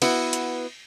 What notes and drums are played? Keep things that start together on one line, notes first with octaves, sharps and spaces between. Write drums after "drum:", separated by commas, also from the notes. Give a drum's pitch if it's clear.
B3 E4 F#4 B4, drum: cymbal
drum: hi-hat